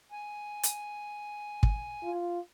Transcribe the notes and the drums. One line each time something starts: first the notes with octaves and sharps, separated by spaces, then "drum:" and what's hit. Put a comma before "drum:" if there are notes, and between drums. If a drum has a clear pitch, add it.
G#5
drum: hi-hat
drum: kick
F4